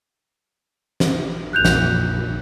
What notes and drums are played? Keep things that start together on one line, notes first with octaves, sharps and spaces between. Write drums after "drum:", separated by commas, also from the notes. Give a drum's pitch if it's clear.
drum: snare
A#1 F2 F#6 G6 F7
drum: snare